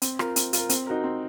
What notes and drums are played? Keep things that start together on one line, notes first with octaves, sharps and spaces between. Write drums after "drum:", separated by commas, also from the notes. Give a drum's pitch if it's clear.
C4, drum: hi-hat
F4 A#4, drum: rim click
C4, drum: hi-hat
F4 A#4, drum: hi-hat
C4, drum: hi-hat
D#4 F#4 A#4
C4